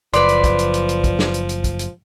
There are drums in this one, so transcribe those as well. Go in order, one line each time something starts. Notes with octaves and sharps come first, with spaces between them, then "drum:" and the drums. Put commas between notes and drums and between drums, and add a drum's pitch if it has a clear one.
F#1 F3 B4 D5 C6, drum: hi-hat
drum: hi-hat
drum: kick, hi-hat
drum: hi-hat
drum: hi-hat
drum: hi-hat
drum: kick, hi-hat
drum: snare
drum: hi-hat
drum: hi-hat
drum: kick, hi-hat
drum: hi-hat